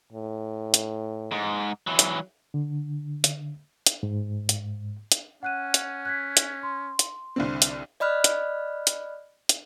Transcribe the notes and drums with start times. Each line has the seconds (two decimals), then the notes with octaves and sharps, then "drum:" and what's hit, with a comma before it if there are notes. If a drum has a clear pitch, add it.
0.13 A2
0.74 drum: hi-hat
1.32 G#2
1.87 E3 F#3
1.99 drum: hi-hat
2.54 D3
3.24 drum: hi-hat
3.86 drum: hi-hat
4.03 G#2
4.49 drum: hi-hat
5.12 drum: hi-hat
5.43 C#4 F#5 F#6 D#7
5.74 drum: hi-hat
6.05 F#6 G#6 B6
6.37 drum: hi-hat
6.63 C6
6.99 drum: hi-hat
7.36 C2 D3 C4
7.62 drum: hi-hat
8.00 D5 D#5 B5 F6 F#6
8.24 drum: hi-hat
8.87 drum: hi-hat
9.49 drum: hi-hat